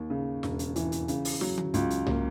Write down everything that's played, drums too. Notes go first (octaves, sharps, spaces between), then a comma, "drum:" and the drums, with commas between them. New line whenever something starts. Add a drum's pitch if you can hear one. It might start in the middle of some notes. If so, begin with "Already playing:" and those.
Already playing: D#2
C#3
E1, drum: snare
drum: hi-hat
E3, drum: hi-hat
drum: hi-hat
C#3, drum: hi-hat
drum: open hi-hat
F#3, drum: snare
drum: tom D3
C#2, drum: hi-hat
drum: hi-hat
A#3, drum: tom C2